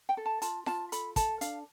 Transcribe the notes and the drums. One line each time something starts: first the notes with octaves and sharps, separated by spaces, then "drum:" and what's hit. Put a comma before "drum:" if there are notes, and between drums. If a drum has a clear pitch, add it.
G5
A4
A5
F4 A5, drum: hi-hat
F4 A5, drum: snare F4
A4 B5, drum: hi-hat
A4 A5, drum: kick, hi-hat
D4 F5, drum: hi-hat